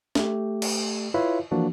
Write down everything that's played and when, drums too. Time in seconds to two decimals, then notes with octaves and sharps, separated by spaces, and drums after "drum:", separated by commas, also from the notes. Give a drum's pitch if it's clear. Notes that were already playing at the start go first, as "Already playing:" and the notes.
0.15 A3 G4, drum: snare
0.62 drum: cymbal
1.14 E4 F4 B4 C#5 E5 F5
1.51 E3 F3 A#3 D4 F#4